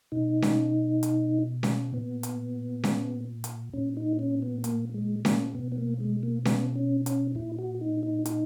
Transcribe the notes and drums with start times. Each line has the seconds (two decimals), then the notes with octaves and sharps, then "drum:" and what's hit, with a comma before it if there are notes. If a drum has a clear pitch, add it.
0.12 B2 D#4
0.42 drum: snare C#4
1.03 drum: hi-hat
1.63 drum: snare C#4
1.93 A#2 B3
2.23 drum: hi-hat
2.84 drum: snare C#4
3.44 drum: hi-hat
3.73 A#2 C#4
3.97 D#4
4.19 C#4
4.42 B3
4.64 A#3, drum: hi-hat
4.94 G#3
5.25 A#3, drum: snare C#4
5.55 B2 B3
5.72 B3
5.78 A#3
6.00 G#3
6.23 A#3
6.45 B3, drum: snare C#4
6.76 C#4
7.06 C#4, drum: hi-hat
7.35 A#2 E4
7.59 F#4
7.81 D#4
8.03 D#4
8.26 D#4, drum: hi-hat